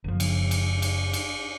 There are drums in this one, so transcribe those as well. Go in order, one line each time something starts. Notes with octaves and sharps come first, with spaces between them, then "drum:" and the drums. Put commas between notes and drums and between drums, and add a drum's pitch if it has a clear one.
F#1 F3
drum: cymbal
drum: cymbal
drum: cymbal
drum: cymbal